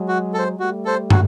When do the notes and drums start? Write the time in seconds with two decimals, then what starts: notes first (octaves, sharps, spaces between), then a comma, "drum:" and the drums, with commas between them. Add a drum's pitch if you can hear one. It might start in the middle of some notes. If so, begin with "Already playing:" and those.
Already playing: F#3 G#3
0.08 F#4
0.34 A4 C5
0.59 G3 A3 F#4
0.85 A4 C5
1.10 F#4, drum: tom